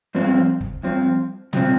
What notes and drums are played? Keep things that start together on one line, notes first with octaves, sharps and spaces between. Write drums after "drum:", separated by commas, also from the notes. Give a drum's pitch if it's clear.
G2 F3 C4
drum: kick
G2 F3 C4
G2 F3 C4, drum: tom A#2